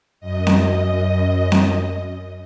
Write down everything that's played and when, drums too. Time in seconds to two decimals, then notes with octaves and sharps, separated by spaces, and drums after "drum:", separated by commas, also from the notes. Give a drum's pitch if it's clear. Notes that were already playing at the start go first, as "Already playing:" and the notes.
0.20 F#2 D#5
0.47 drum: snare C4
1.52 drum: snare C4